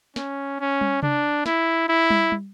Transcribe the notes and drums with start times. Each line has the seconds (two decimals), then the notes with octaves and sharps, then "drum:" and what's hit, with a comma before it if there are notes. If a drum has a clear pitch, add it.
0.16 C#4, drum: snare
0.60 C#4
0.81 drum: tom
1.03 D4, drum: tom C3
1.46 E4, drum: snare
1.88 E4
2.10 drum: tom
2.32 drum: tom